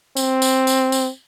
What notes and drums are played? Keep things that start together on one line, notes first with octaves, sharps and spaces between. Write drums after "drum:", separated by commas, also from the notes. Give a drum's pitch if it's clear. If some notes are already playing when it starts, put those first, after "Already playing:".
C4, drum: tambourine
drum: tambourine
drum: tambourine
drum: tambourine